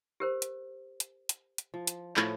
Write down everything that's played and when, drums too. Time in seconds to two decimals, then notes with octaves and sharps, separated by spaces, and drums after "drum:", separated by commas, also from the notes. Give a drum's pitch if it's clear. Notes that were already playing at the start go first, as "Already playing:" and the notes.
0.20 G4 A#4 C5
0.42 drum: hi-hat
1.00 drum: hi-hat
1.29 drum: hi-hat
1.58 drum: hi-hat
1.74 F3
1.87 drum: hi-hat
2.17 A2 F3 C#5 B5, drum: clap